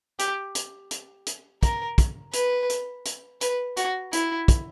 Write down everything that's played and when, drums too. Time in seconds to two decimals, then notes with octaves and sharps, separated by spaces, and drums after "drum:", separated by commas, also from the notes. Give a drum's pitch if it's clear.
0.19 G4, drum: hi-hat
0.55 drum: hi-hat
0.91 drum: hi-hat
1.26 drum: hi-hat
1.63 A#4, drum: kick, hi-hat
1.98 drum: kick, hi-hat
2.33 B4, drum: hi-hat
2.70 drum: hi-hat
3.05 drum: hi-hat
3.41 B4, drum: hi-hat
3.77 F#4, drum: hi-hat
4.13 E4, drum: hi-hat
4.48 drum: kick, hi-hat